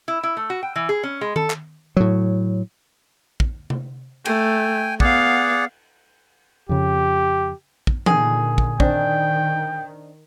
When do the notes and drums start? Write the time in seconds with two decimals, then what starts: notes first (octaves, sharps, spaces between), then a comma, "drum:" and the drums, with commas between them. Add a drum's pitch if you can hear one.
0.08 E4
0.23 E4
0.37 A3
0.50 F#4
0.63 G5
0.76 E3
0.89 G#4
1.03 C#4
1.21 G#3
1.36 A4, drum: tom D#3
1.50 drum: clap
1.97 A2 F#3
3.40 drum: kick
3.70 drum: tom C3
4.25 A3 G5 G#5, drum: cymbal
5.00 B3 G#4 D5 F5 F#5, drum: kick
6.69 F2 C#3 G4
7.87 drum: kick
8.06 A#2 D3 D#3 G#4, drum: tom E3
8.58 drum: kick
8.80 D#3 C4 D4 G5, drum: kick